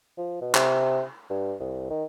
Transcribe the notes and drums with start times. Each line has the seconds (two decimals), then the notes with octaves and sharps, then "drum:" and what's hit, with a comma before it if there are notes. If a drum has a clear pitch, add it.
0.18 F3
0.41 B2
0.55 C3, drum: clap
1.30 G2
1.60 C2
1.90 D#3